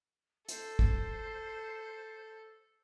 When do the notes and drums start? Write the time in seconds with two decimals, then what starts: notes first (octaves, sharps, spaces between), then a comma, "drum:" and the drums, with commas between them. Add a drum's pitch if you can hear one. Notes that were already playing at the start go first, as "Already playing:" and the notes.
0.48 A4 C5, drum: hi-hat
0.79 drum: kick